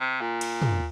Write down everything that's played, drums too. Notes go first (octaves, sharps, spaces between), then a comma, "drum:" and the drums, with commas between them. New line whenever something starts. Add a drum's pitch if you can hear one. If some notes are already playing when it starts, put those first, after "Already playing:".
C3
A#2
drum: cymbal
drum: tom